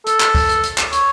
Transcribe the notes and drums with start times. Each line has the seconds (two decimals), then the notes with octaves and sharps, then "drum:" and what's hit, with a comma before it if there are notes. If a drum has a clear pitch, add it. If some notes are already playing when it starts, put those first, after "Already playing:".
0.06 A4, drum: hi-hat
0.20 drum: clap
0.35 drum: kick, open hi-hat
0.49 drum: hi-hat
0.63 drum: hi-hat
0.78 drum: clap
0.92 C#5, drum: hi-hat